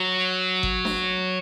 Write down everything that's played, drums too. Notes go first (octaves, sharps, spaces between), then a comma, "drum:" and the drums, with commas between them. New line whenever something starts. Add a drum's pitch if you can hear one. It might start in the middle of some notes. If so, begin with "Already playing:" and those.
Already playing: F#3
drum: kick G#1
drum: snare D4